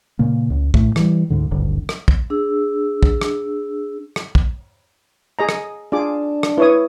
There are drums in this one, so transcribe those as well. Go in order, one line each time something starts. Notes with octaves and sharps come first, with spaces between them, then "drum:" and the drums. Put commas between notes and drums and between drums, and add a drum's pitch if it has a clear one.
A#2 C#3 A#3
C#2
A1 A2 A3, drum: kick
E3 G3, drum: rim click
D2 G#2 D3
D1 G#1 G2 D3
drum: rim click
drum: kick
D4 G#4 E6
drum: kick
drum: rim click
drum: rim click
drum: kick
G#4 D#5 A#5
drum: rim click
D4 F4 G#4 D6
drum: rim click
E4 B4 C#5 D#6